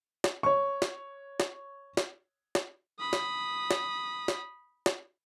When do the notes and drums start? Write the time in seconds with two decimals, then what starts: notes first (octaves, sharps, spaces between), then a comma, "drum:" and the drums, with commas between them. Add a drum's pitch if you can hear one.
0.24 drum: snare
0.43 C#5 C#6
0.82 drum: snare
1.40 drum: snare
1.97 drum: snare
2.55 drum: snare
2.99 B5 D#6
3.13 drum: snare
3.71 drum: snare
4.28 drum: snare
4.86 drum: snare